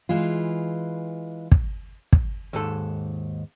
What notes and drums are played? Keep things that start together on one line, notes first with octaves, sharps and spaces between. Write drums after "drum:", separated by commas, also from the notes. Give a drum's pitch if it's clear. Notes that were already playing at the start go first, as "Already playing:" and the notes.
E3 G#3 F4
drum: kick
drum: kick
D#2 G#2 A4